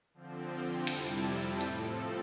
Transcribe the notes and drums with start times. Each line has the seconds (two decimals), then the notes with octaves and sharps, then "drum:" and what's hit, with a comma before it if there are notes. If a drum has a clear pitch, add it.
0.14 D3 F3 C4
0.50 G5
0.87 F2 C3 G3 C4 E4 A5, drum: cymbal
1.24 G5
1.61 A2 F3 C4 A4, drum: hi-hat